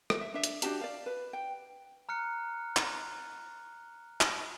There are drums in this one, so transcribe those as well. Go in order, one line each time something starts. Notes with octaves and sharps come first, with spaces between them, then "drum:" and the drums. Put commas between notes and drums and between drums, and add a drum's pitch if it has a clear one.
drum: rim click
E5
D4 E5
drum: hi-hat
D4 F#4 G4 A5, drum: hi-hat
D5 F5
B4
G5
A#5 F6 F#6 C#7
drum: clap
drum: clap